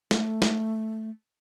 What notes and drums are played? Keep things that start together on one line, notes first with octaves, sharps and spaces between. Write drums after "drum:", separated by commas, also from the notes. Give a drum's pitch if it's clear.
A3, drum: snare
drum: snare